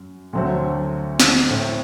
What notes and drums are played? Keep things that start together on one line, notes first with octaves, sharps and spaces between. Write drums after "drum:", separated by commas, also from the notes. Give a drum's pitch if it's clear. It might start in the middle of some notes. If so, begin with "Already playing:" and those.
Already playing: F#2
D2 D3 F#3 A3 C4
drum: snare
A2 A3 C4